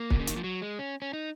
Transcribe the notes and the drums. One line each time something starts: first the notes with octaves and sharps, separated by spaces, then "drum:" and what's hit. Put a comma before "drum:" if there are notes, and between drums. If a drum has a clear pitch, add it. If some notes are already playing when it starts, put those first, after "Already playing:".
Already playing: A#3
B2, drum: kick
C#3
D#3, drum: hi-hat
F3
F#3
G#3
C#4
C#4
D#4